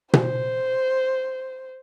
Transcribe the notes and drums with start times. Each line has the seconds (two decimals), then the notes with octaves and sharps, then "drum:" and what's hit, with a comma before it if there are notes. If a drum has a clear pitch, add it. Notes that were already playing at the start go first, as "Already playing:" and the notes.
0.13 C5, drum: tom B2